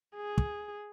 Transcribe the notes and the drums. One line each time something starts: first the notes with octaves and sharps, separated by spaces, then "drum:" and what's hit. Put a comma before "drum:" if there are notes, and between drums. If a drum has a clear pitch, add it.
G#4
drum: kick